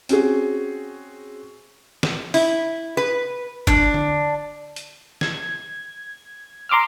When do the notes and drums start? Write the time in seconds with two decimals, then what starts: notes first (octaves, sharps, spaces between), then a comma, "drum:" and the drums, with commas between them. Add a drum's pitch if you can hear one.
0.09 C4 C#4 F#4 G#4, drum: hi-hat
2.03 drum: snare
2.34 E4, drum: open hi-hat
2.97 B4
3.67 D4, drum: kick G1
3.94 drum: tom D3
4.76 drum: hi-hat
5.21 G#6, drum: snare
6.69 A#5 C6 D6 E6 F6